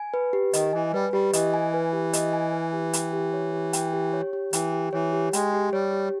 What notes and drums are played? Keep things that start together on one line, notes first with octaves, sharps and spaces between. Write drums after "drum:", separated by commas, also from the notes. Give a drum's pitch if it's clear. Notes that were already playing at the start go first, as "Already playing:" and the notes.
Already playing: G#5
B4
G4
D#3 D#5, drum: hi-hat
E3 G#5
G3 B4
G3 G4
E3 D#5, drum: hi-hat
G#5
B4
G4
D#5, drum: hi-hat
G#5
B4
G4
G5, drum: hi-hat
G4
C#5
G4
G5, drum: hi-hat
G4
C#5
G4
E3 G5, drum: hi-hat
G4
E3 C#5
G4
G#3 G5, drum: hi-hat
G4
G3 C#5
G4